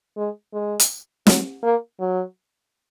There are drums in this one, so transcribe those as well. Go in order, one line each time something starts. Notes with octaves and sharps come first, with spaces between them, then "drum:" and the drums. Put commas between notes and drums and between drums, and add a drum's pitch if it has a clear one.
G#3
G#3
drum: hi-hat
F#3, drum: snare
A#3
F#3